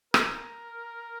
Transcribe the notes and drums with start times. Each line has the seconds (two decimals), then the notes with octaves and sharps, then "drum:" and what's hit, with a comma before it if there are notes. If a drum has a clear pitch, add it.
0.14 A#4, drum: rim click